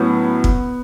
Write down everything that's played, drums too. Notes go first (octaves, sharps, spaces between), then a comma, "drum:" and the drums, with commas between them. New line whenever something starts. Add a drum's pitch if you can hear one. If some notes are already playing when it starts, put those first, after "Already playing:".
Already playing: A2 F#3 B3 C#4
drum: kick